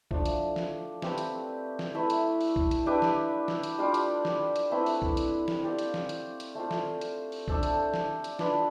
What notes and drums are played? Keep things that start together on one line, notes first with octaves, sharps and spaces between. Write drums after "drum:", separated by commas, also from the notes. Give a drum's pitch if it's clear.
F3 A3 D4, drum: kick A#1
drum: hi-hat
drum: snare
A3 C4 G4 B4, drum: snare
drum: hi-hat
drum: snare
A3 E4 B4 E5
drum: hi-hat
drum: open hi-hat
drum: kick A#1
drum: hi-hat
D4 G4 B4 E5
drum: snare
drum: snare
drum: hi-hat
G3 D4 F4
drum: hi-hat
drum: snare
drum: hi-hat
A3 C4 E4 B4
drum: open hi-hat
drum: kick A#1
drum: hi-hat
drum: snare
C4 G4 D5 F5
drum: hi-hat
drum: snare
drum: hi-hat
drum: hi-hat
A3 C4 F4
drum: snare
drum: hi-hat
drum: open hi-hat
D4 A4 C5 E5, drum: kick A#1
drum: hi-hat
drum: snare
drum: hi-hat
D4 F4 B4, drum: snare